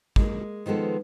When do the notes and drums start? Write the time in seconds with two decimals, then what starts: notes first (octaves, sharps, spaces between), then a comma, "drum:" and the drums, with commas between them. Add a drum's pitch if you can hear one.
0.16 G#3 A#3, drum: kick
0.66 D#3 F3 G#3 B3 A4